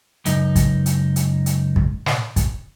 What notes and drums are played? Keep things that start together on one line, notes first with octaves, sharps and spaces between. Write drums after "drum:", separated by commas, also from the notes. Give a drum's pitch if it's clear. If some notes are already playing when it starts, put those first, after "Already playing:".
C#2 F#2 D#4, drum: hi-hat
drum: kick, hi-hat
drum: hi-hat
drum: hi-hat
drum: hi-hat
drum: kick
drum: snare
drum: kick, hi-hat